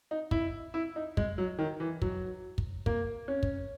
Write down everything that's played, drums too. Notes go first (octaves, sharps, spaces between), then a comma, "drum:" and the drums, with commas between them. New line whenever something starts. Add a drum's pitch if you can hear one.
D#4
E4, drum: kick
E4
D#4
G#3, drum: kick
F#3
D#3
E3
F#3, drum: kick
drum: kick
A#3, drum: kick
C#4
drum: kick